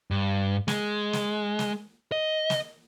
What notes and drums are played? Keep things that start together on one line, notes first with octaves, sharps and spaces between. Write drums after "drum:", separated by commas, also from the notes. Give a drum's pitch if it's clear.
G2
G#3, drum: snare
drum: snare
drum: snare
D#5
drum: snare